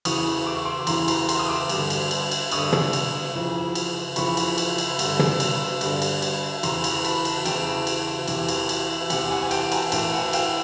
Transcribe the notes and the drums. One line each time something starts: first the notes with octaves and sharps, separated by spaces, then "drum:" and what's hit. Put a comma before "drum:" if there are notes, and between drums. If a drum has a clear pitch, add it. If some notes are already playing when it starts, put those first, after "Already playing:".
E2 C#3 E3 C#6 D#6, drum: cymbal
D6
C#6
C6 D6
E2 C#3 E3 A#5 C6, drum: cymbal
A#5 C6, drum: cymbal
A#5 C6, drum: cymbal
D#6
C6 D6
G2 D3, drum: cymbal
drum: cymbal
drum: cymbal
drum: cymbal
G2 D3 C#6 D#6, drum: cymbal
drum: tom
drum: cymbal
F2 C#3 E3
drum: cymbal
F2 C#3 E3 B5 C#6, drum: cymbal
drum: cymbal
drum: cymbal
drum: cymbal
G2 D3, drum: cymbal
drum: tom
drum: cymbal
G2 D3, drum: cymbal
drum: cymbal
drum: cymbal
E2 C#3 E3 A#5 C6, drum: cymbal
drum: cymbal
A5 B5, drum: cymbal
drum: cymbal
E2 C#3 E3 G5 A5, drum: cymbal
drum: cymbal
E2 C3 E3, drum: cymbal
drum: cymbal
drum: cymbal
E2 C3 E3 F#5 G#5, drum: cymbal
F#5 G#5
G#5
G5 A5, drum: cymbal
G#5 A#5, drum: cymbal
A2 E3 G5 A5, drum: cymbal
F#5 G#5
G#5
F5 G5, drum: cymbal
G5